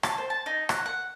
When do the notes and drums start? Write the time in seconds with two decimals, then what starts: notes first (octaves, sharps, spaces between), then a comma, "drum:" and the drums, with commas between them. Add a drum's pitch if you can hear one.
0.03 A5, drum: rim click
0.18 C5
0.30 A5
0.46 D#4
0.69 F#5, drum: rim click
0.86 F#5